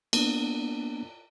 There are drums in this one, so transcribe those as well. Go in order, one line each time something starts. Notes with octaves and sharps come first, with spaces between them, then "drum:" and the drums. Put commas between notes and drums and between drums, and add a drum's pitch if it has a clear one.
A#3 B3 D4, drum: cymbal